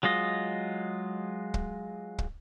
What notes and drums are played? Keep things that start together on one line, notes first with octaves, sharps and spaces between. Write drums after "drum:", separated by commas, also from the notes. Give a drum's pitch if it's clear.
F#3 G#3 F4 D#5
drum: kick
drum: kick